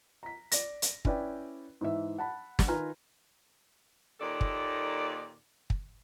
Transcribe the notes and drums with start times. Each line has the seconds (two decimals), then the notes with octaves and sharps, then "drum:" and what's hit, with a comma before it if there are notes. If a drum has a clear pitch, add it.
0.23 A#5 B6
0.52 D5 A#6, drum: hi-hat
0.82 drum: hi-hat
1.05 C#4 E4 B4 D5 G5, drum: kick
1.81 G#2 E3 E5
2.18 F#5 A5 B5
2.59 drum: snare
2.68 D#3 F4 B4 G#5 A#5 F6
4.20 D#2 A#2 D#4 A4 D5
4.41 drum: kick
5.70 drum: kick